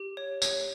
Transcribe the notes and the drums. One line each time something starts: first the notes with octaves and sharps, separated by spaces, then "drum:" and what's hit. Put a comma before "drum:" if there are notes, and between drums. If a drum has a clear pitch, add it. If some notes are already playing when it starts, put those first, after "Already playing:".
Already playing: G4
C#5
C#5, drum: tambourine